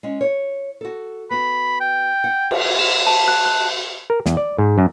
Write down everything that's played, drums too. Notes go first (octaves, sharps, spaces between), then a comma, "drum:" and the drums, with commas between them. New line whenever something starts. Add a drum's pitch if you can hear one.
G#3 C#4
C#5
F#4 A4
B3 F#4 B5
G5
F#5
drum: cymbal
E7
A5
F#6
F#6
A#4
E2, drum: snare
D5
G#2
F#2